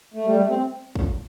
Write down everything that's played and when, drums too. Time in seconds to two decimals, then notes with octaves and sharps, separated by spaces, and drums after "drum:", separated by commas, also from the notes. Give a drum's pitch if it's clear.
0.14 A3
0.25 G3
0.37 A3
0.49 C4
0.95 drum: kick